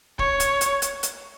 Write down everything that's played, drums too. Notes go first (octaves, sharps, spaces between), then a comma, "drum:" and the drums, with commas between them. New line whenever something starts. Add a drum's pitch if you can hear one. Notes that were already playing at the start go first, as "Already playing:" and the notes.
C#5, drum: kick
drum: hi-hat
drum: hi-hat
drum: hi-hat
drum: hi-hat